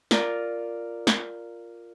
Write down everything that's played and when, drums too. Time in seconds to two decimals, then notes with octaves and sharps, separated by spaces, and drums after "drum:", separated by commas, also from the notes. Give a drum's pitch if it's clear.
0.11 F4 A#4 D5, drum: snare
1.07 drum: snare